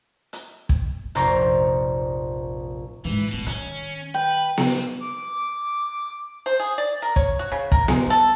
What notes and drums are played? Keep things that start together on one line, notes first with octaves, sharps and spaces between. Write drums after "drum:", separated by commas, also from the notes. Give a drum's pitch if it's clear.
drum: hi-hat
drum: kick
F1 A#1 C5 D5 A#5 C#6, drum: hi-hat
G#2 D#3 E3
A1 B2 G3
D#3 C#4, drum: hi-hat
B4 G5
C3, drum: snare B3
D6
C5
G#4
D5
A#4
C#5, drum: kick
F#4
C#3
A#4, drum: kick
G#3, drum: snare B3
A4